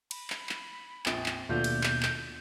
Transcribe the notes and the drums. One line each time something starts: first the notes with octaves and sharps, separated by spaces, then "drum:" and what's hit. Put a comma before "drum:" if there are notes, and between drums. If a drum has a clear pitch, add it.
B5, drum: cymbal
drum: clap
drum: clap
A#1 F2, drum: clap
drum: clap
D#2 B2 A3 B3 D4 F4 G6
drum: cymbal
drum: clap
drum: clap